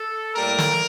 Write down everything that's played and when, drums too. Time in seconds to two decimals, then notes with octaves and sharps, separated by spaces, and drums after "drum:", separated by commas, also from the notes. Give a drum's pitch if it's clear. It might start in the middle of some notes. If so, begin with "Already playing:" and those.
Already playing: A4
0.35 A2 G3 A#3 A#4
0.58 drum: snare